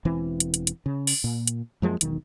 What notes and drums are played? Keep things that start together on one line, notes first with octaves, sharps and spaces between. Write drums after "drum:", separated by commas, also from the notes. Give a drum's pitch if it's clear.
E1 E3 C4
drum: hi-hat
drum: hi-hat
drum: hi-hat
C#3
drum: open hi-hat
A#2
drum: hi-hat
F#2 F3 G#3 A#3
E1 B1 D#3, drum: hi-hat